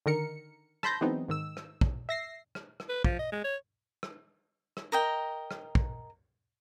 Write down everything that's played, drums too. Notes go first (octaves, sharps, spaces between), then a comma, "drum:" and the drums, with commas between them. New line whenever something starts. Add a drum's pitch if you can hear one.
D3 D#3 A#4 C#7
A5 B5 C6 G6 A#6, drum: rim click
E3 F#3 G#3 B3 C4 D#4
G#2 D#3 E6
drum: rim click
drum: kick
E5 A#6 C7
drum: rim click
drum: rim click
B4
F3, drum: kick
D#5
G#3
C#5
drum: rim click
drum: rim click
A#4 D#5 G5
drum: rim click
drum: kick